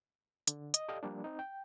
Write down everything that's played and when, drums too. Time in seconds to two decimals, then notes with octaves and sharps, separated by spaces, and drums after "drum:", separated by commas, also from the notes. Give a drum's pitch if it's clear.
0.47 D3, drum: hi-hat
0.74 D#5, drum: hi-hat
0.89 G4 A4 D5 D#5 F5
1.03 F3 G3 A#3 D4
1.24 C4 D#4
1.39 G5